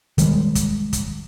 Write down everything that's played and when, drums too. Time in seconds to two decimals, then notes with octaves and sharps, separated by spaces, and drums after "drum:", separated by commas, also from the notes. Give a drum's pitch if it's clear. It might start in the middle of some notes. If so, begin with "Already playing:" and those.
0.18 D#3 G3 G#3, drum: kick, hi-hat
0.55 drum: kick, hi-hat
0.93 drum: kick, hi-hat